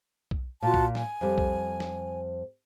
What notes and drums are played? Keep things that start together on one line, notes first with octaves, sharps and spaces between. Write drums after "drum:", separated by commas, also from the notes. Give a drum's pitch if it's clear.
drum: kick B1
A#2 F4 F#4 A5
drum: kick B1
G#5, drum: snare
F2 G3
drum: kick B1
drum: snare